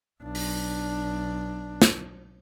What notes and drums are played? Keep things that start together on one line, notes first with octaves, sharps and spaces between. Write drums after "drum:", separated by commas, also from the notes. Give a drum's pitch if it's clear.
B1 D4
drum: open hi-hat
drum: snare